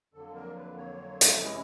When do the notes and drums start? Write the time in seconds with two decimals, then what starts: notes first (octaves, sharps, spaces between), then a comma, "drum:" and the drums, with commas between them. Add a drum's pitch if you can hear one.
0.14 F2 D3 F#3 A#3 A4
0.35 A#4
0.56 B4
0.77 C#5
1.21 drum: hi-hat
1.40 C3 E3 G#3 C#4 E4 D#5